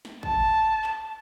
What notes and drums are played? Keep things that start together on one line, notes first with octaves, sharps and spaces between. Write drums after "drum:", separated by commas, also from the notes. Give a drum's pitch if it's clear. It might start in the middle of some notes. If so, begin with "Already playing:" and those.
drum: snare
A5, drum: kick
drum: clap